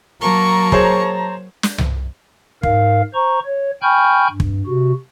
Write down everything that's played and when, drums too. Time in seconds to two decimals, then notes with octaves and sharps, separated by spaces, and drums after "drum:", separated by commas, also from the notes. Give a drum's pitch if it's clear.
0.21 F#3 A#3 A5 A#5 C#6
0.72 G#4 C5 C#5, drum: kick
1.63 drum: snare
1.78 drum: tom C2
2.63 G#2 A#4 F5, drum: kick
3.14 C5 A#5 C#6
3.45 C#5
3.82 G5 G#5 B5 C#6 F6 G6
4.31 G2
4.40 drum: kick
4.67 C3 F#4